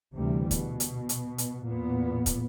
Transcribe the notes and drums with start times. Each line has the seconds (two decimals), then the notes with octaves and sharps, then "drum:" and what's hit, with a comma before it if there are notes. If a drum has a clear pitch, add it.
0.14 D2 C3 E3 G3
0.51 B2, drum: kick, hi-hat
0.80 drum: hi-hat
1.09 drum: hi-hat
1.38 drum: hi-hat
1.63 E2 A#2 B3
2.26 drum: kick, hi-hat